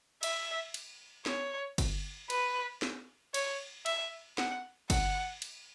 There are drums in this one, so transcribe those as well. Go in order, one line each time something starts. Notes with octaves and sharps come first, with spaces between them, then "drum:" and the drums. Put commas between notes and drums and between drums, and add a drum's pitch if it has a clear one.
E5, drum: cymbal
drum: cymbal
C#5, drum: snare
drum: kick G1, cymbal
B4, drum: cymbal
drum: snare
C#5, drum: cymbal
E5, drum: cymbal
F#5, drum: snare
F#5, drum: kick G1, cymbal
drum: cymbal